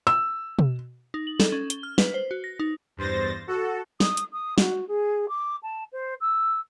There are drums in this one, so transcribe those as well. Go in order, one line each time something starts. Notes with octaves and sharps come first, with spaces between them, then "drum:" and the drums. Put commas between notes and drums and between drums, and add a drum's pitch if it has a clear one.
E6
drum: tom B2
D#4
F#7
A4, drum: snare
C#4
G7, drum: hi-hat
F6
B4, drum: snare
C5
F#4
A#6
D#4
E2 G2 C5 A6 A#6
F#4 A4
D#6, drum: snare
drum: hi-hat
D#6
F#4, drum: snare
G#4
D6
A5
C5
E6